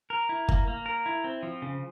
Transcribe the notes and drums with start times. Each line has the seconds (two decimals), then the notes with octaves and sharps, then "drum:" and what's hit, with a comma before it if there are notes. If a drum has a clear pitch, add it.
0.10 A#4
0.29 E4
0.49 A#3, drum: kick G1
0.68 A#3
0.86 A#4
1.06 E4
1.24 C4
1.43 F3
1.62 C#3